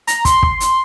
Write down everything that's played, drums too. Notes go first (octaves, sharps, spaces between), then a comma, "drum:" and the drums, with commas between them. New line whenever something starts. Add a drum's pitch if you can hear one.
A#5, drum: hi-hat
C6, drum: kick, hi-hat
drum: kick
drum: hi-hat